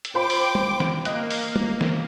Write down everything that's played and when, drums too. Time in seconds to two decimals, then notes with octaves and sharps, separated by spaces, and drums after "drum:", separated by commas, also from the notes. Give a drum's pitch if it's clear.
0.05 drum: hi-hat
0.14 F4 C5 G5 B5 D6
0.30 drum: open hi-hat
0.55 drum: tom
0.80 drum: snare
1.05 A#3 D#5 F#6, drum: hi-hat
1.31 drum: open hi-hat
1.56 drum: tom
1.81 drum: snare